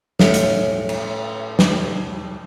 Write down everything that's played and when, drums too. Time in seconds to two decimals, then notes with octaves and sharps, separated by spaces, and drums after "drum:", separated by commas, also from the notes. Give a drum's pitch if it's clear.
0.20 A2 C#4, drum: snare
0.34 drum: hi-hat
0.89 drum: cymbal
1.59 drum: snare